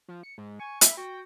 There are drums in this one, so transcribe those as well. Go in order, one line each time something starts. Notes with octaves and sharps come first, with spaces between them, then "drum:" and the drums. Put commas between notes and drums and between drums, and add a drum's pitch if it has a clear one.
F3
C#7
G#2
G#5 C#6
E5 B5, drum: hi-hat
F#4 G5